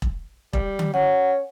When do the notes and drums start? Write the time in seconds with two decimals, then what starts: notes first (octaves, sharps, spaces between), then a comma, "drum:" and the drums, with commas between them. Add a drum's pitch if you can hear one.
0.02 drum: kick E1
0.53 G3, drum: kick E1
0.79 drum: tom D3
0.94 C#4 F#5